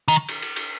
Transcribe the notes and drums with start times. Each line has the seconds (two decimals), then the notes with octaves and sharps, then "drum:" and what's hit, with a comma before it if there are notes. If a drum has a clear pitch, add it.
0.08 D#3
0.29 drum: cymbal
0.42 drum: cymbal
0.56 drum: cymbal